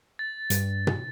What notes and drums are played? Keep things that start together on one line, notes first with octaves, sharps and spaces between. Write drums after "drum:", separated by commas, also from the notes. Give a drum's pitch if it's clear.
A6
G2, drum: hi-hat
drum: tom B2